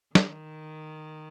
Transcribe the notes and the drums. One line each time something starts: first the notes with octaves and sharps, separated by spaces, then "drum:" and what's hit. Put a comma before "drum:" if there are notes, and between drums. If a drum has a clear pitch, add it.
D#3, drum: snare